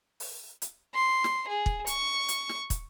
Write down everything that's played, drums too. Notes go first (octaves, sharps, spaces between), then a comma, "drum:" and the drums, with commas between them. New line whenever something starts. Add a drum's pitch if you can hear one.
drum: open hi-hat
drum: hi-hat
C6
drum: snare
G#4
drum: kick
C#6, drum: hi-hat
drum: hi-hat
drum: snare
drum: kick, hi-hat